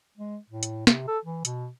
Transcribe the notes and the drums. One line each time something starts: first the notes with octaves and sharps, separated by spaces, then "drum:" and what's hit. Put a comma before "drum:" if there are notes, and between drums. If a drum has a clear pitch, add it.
G#3
A2
drum: hi-hat
C3, drum: snare
A4
E3
B2, drum: hi-hat